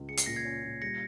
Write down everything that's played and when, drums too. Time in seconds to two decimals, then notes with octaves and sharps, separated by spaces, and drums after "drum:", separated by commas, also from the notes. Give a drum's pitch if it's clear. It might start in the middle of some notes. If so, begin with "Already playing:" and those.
Already playing: C#2
0.08 G#4 C#7
0.17 C7, drum: hi-hat
0.26 A#2 A#6
0.36 G#6 C7
0.45 C#4
0.64 A#2
0.82 G3 A#6 C#7